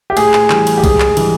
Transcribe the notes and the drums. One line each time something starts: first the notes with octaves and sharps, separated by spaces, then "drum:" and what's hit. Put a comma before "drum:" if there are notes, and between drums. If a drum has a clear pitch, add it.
G4
A2 G#4, drum: cymbal
drum: clap
E3 G3, drum: clap
drum: cymbal
G4
G#2 G#4, drum: kick B1, cymbal
drum: clap
E3 G3, drum: cymbal